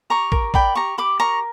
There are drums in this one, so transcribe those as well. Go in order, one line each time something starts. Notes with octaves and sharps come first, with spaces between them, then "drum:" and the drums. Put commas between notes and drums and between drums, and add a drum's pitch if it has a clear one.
G4 A#5 C#6
A#4, drum: kick
D5 G5 B5, drum: kick
G4 A#5 C#6
G4 B5 D6
A#4 A#5 C#6